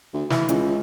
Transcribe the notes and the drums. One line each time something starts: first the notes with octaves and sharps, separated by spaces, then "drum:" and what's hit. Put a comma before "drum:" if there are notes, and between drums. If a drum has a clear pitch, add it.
D2
E3, drum: snare
C#2, drum: hi-hat